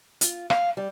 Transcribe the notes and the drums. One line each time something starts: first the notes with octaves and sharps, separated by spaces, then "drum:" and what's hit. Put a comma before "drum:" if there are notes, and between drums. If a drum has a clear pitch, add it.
F4, drum: hi-hat
F5, drum: rim click
G3